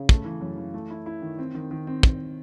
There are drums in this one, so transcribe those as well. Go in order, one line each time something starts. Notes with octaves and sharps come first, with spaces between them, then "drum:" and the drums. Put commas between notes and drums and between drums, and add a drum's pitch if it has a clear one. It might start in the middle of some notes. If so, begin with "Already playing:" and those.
Already playing: C#3
A3, drum: kick
E3
F#2
E3
A3
E4
E4
D#3
C4
D#3
D#3
C4
drum: kick